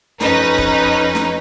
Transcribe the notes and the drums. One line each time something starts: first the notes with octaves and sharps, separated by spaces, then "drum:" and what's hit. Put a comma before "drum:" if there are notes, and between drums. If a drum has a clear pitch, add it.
F2 C#4 D#4 B4, drum: snare
drum: kick
drum: snare